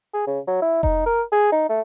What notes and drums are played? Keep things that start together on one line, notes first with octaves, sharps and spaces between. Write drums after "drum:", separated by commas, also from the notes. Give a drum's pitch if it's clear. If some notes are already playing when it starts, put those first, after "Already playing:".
G#4
C#3
F#3
E4
D#4, drum: kick F1
A#4
G#4
D#4
A3